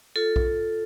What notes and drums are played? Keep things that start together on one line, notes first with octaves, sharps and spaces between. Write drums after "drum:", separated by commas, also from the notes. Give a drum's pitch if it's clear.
F4 A4
drum: kick